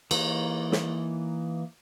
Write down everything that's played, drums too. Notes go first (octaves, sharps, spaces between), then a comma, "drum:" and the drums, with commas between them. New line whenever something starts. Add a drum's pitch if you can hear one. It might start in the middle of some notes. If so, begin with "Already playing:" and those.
E3 A#3 D#4 C#5, drum: cymbal
drum: snare